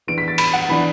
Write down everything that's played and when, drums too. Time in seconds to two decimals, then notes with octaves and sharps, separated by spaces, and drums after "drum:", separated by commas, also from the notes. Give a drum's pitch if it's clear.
0.07 E3 B3 D4 D7
0.18 B6
0.28 A6
0.38 B5, drum: cymbal
0.53 F#5
0.69 E3 D4 B5